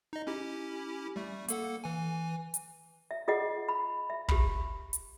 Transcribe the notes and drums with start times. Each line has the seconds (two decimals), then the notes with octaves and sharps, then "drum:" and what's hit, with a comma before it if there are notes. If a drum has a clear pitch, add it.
0.13 D#4 D#5
0.27 C#4 E4 G4
1.16 G3 A3
1.48 A#3 A4 F#5, drum: hi-hat
1.84 E3 G#5
2.54 drum: hi-hat
3.11 E5
3.28 F4 G#4 D#5 F#5
3.69 B5
4.10 E5
4.28 G4 B5, drum: kick
4.93 drum: hi-hat